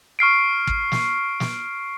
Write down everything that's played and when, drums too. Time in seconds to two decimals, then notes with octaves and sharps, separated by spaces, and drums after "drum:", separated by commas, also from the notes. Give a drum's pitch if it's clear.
0.19 C#6 F6 C7 D7
0.67 drum: kick
0.92 drum: snare
1.40 drum: snare